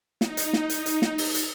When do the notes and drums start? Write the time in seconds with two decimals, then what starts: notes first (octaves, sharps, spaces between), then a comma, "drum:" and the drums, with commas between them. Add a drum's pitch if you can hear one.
0.21 D#4, drum: snare
0.37 drum: hi-hat
0.53 drum: snare
0.70 drum: hi-hat
0.86 drum: hi-hat
1.02 drum: snare
1.18 drum: open hi-hat
1.34 drum: hi-hat